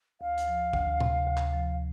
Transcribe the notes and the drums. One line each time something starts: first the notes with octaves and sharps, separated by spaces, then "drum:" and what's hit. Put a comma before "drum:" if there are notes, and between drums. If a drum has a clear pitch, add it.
D2 F5
drum: hi-hat
F3
D2, drum: kick
C3, drum: tom A2
D2
drum: clap
F3